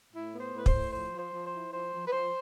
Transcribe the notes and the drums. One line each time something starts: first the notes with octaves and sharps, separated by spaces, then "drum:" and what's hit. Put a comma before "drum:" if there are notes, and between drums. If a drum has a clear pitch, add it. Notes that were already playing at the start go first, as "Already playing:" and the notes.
A2 E4
B3
C5
A2 B4
C5, drum: kick
A2
F3 C5
F3
C5
F3
C5
E4
F3 C5
F3
B4
F3 C5